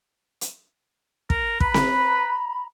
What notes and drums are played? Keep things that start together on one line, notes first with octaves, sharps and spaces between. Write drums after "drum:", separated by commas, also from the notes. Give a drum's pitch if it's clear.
drum: hi-hat
A#4, drum: kick
B4 A#5 B5, drum: kick
drum: snare C4